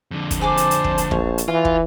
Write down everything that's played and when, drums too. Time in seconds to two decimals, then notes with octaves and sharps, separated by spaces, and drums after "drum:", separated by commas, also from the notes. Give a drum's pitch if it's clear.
0.11 F2 D3
0.31 drum: kick, hi-hat
0.41 G#4 C5 D5 A5 D6
0.57 drum: hi-hat
0.71 drum: hi-hat
0.84 drum: kick
0.98 drum: hi-hat
1.11 A#1 C#5, drum: kick
1.38 drum: hi-hat
1.48 E3 F4
1.65 drum: kick